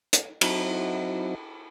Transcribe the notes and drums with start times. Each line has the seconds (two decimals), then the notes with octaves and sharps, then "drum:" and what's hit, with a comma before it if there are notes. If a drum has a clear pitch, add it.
0.13 drum: hi-hat
0.41 F#3 C4 D#4 E4 F#4, drum: cymbal